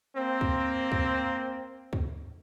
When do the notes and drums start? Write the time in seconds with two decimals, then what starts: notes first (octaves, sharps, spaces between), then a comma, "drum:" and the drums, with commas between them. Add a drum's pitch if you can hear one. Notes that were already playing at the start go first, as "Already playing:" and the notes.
0.16 A#3 C4
0.41 drum: kick D2
0.92 drum: kick D2
1.93 drum: kick D2